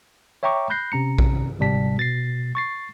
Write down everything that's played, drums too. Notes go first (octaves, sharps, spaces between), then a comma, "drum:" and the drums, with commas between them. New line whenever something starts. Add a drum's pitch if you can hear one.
C#5 E5 G5 A#5 C#6 D6
B5 F#6 G6 A#6 C7
C3 C#4 A#5 C#7
drum: kick A#1
G1 G#2 C3 G3 A5 B6
B2 A6 A#6 C7
C#6 A6 C7